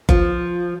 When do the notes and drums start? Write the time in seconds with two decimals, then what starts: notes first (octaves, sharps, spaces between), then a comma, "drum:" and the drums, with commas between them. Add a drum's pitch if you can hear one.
0.09 F3, drum: kick F#1